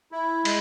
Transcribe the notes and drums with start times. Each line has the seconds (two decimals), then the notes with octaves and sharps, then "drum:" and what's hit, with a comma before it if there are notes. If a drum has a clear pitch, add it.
0.12 E4
0.45 G#3, drum: cymbal